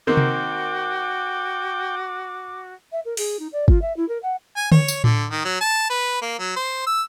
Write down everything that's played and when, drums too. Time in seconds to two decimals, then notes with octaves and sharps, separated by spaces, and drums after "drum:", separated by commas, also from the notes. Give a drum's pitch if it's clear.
0.07 D#3 A#3 C4 F#4 G5 D6
0.17 drum: tom C3
2.92 E5
3.05 A#4
3.17 G#4, drum: open hi-hat
3.39 D#4
3.52 D5
3.68 F4, drum: kick G1
3.81 E5
3.96 E4
4.08 A#4
4.22 F#5
4.56 G#5
4.72 C#5, drum: tom D3
4.88 drum: tambourine
5.04 D3, drum: tom A2
5.30 D#3
5.45 F#3
5.61 A5
5.90 B4
6.22 A#3
6.39 F#3
6.56 C5
6.86 E6